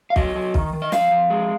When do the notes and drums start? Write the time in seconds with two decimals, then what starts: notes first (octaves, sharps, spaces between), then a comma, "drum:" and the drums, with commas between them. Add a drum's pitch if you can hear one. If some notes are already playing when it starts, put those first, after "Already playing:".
0.10 F5
0.16 F#3 D#5, drum: kick
0.35 F#3
0.54 D#3, drum: kick
0.73 D#3
0.82 D#5
0.92 F2 F5, drum: snare
1.11 F2
1.30 G#3